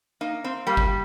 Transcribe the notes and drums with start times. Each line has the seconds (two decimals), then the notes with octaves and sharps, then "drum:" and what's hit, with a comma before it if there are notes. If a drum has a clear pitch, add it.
0.21 A#3 D#4
0.44 C4
0.67 G3 A#3
0.77 drum: kick G1